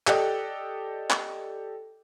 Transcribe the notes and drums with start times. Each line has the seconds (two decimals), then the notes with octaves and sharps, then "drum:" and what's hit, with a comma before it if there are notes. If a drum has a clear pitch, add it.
0.07 G4 A4 D5 D#5 G5 F#6, drum: clap
1.10 drum: clap